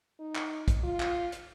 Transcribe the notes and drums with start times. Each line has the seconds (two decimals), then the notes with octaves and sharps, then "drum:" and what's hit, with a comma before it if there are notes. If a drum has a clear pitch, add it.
0.20 D#4
0.35 drum: clap
0.68 drum: kick, hi-hat
0.84 F4
1.00 drum: clap
1.32 drum: hi-hat